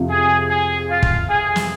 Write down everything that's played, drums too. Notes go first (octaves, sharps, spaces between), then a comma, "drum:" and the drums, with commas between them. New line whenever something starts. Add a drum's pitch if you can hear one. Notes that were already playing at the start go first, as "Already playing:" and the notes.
Already playing: F2 C3 F3
G#4
G#4
F4
drum: kick
G#4
drum: snare